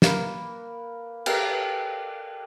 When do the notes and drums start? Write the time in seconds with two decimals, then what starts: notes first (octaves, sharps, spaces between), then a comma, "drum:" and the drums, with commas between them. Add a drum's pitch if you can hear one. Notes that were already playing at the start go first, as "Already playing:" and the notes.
0.02 A#3 A#4 B4, drum: snare
1.26 G4 A4 A#4, drum: cymbal